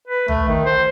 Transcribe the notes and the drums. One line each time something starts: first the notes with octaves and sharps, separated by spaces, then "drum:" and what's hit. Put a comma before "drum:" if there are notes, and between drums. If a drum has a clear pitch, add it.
B4
A3, drum: tom
D#3
C5